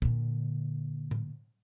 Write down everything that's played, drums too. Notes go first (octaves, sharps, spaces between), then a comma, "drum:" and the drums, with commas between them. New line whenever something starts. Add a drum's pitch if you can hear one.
A#2 D3, drum: kick
drum: tom A2